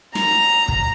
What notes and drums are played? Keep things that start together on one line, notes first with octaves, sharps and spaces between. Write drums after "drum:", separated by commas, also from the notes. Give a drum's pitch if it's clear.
A#5, drum: snare
drum: kick